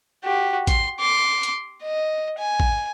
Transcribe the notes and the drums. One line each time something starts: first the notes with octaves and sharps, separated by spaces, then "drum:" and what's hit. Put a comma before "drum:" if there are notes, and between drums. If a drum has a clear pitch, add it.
F#4 G4
C6, drum: kick A1, hi-hat
C6 D6
drum: hi-hat
D#5
G#5
drum: kick A1